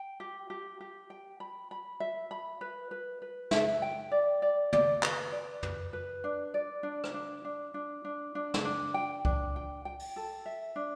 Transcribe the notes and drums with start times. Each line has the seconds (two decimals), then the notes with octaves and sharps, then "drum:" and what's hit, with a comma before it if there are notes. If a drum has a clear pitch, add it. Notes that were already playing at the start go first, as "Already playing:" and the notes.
Already playing: G5
0.20 G4
0.50 G4
0.81 G4
1.10 G5
1.40 B5
1.71 B5
2.00 E5
2.31 B5
2.61 B4
2.91 B4
3.22 B4
3.51 E5, drum: snare
3.82 G5
4.11 D5
4.42 D5
4.73 D5, drum: tom
5.03 B4, drum: clap
5.32 D5
5.63 B4, drum: tom
5.93 B4
6.24 D4
6.54 D5
6.83 D4
7.04 drum: rim click
7.14 D4
7.45 D4
7.74 D4
8.05 D4
8.35 D4
8.54 drum: snare
8.65 D4
8.94 G5
9.25 D4, drum: kick C#2
9.56 G5
9.85 G5
9.99 drum: open hi-hat
10.16 A4
10.46 E5
10.76 D4